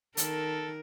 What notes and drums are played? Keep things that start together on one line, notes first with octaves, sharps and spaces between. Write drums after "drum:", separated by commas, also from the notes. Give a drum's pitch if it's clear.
D#3 A4 A#4, drum: hi-hat